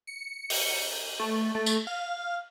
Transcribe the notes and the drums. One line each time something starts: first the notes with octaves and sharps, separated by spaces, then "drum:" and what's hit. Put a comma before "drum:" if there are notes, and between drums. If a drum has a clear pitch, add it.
C#7
drum: open hi-hat
A3
A3
drum: tambourine
F5